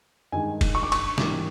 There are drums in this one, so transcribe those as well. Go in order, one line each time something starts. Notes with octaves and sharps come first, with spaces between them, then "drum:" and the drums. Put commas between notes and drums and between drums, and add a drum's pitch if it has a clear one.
G2 D#3 G#3 G#5
drum: kick E1, cymbal
C#6
D6
C#6, drum: cymbal
G#2 E3 G3 A#3 D4 D6, drum: snare